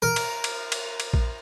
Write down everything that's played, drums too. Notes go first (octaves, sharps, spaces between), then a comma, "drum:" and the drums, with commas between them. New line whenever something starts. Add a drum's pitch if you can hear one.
A#4
drum: cymbal
drum: cymbal
drum: cymbal
drum: cymbal
drum: kick A#1